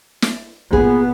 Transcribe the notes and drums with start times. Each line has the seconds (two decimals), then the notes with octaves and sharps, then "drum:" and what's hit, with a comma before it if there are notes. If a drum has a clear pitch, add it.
0.22 drum: snare
0.73 A#2 B3 G#4, drum: kick